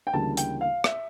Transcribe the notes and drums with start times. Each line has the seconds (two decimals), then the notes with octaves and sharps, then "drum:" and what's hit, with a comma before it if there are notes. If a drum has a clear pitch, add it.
0.07 G5
0.13 D2 C#3 E3 G3 A#3 A5
0.37 G5, drum: hi-hat
0.61 F5
0.84 E5, drum: rim click